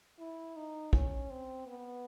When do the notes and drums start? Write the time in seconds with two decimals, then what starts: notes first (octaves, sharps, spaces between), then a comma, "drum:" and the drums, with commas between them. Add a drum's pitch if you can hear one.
0.19 E4
0.56 D#4
0.93 C#4, drum: kick
1.30 C4
1.67 B3